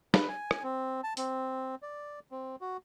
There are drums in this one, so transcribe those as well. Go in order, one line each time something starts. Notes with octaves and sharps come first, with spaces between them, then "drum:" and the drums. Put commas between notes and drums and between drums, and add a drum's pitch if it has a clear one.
B4, drum: snare
G#5
drum: rim click
C4
A5
C4, drum: hi-hat
D5
C4
F#4